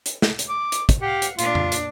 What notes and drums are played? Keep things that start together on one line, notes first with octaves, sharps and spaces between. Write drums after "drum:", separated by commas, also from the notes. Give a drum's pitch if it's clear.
drum: hi-hat
drum: snare
drum: hi-hat
D6
drum: hi-hat
drum: kick, hi-hat
G4 F5 F#5
drum: hi-hat
A#2 D4 F4, drum: hi-hat
drum: tom F2
drum: hi-hat